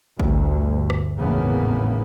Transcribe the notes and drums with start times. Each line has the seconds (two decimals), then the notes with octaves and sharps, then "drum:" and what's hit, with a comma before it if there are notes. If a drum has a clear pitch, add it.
0.20 G1 D2, drum: kick A1
0.90 drum: rim click
1.18 G#1 E2 A2 C#3 A#3 B3